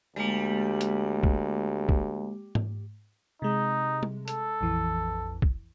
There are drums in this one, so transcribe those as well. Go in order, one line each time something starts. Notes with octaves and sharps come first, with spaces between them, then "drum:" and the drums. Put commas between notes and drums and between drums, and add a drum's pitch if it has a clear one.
D2 G3 G#3 A#3
drum: hi-hat
drum: kick
drum: kick
drum: tom G#2
C3 G#3 D#4
drum: tom G3
A4, drum: hi-hat
A#1 F2 E3
drum: kick